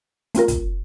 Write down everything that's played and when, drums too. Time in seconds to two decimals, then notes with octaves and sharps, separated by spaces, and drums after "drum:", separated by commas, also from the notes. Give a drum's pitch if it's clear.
0.35 A3 C4 F4 A#4, drum: hi-hat
0.48 drum: kick, hi-hat